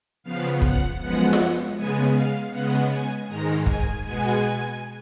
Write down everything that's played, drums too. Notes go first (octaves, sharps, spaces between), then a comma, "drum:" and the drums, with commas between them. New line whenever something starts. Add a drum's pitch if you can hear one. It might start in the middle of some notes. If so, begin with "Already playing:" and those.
C#3 F3 B3 F5
F#5, drum: kick
F#2 F3 G#3 B3 F#5
drum: snare F4
C#3 G#3 B3 G#5
F5
C#3 G#3 B3 F#5
G#5
G#2 D#3 G#3 A#5
G#5, drum: kick
B2 G#3 B3 G#5